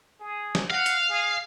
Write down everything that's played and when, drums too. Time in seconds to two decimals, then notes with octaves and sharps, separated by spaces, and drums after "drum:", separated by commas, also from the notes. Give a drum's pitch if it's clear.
0.21 G#4
0.55 drum: snare
0.70 F5 F#5
0.86 drum: hi-hat
1.10 G#4